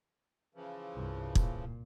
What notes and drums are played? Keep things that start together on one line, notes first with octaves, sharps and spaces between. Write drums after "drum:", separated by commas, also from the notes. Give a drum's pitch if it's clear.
C#3 E3 F3
C2 G2
A#2, drum: kick